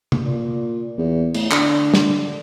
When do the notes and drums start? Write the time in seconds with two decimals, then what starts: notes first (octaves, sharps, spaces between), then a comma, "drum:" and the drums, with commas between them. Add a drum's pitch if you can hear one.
0.12 drum: tom C3
0.25 A#2
0.98 E2
1.34 A2, drum: cymbal
1.51 D3, drum: clap
1.94 drum: snare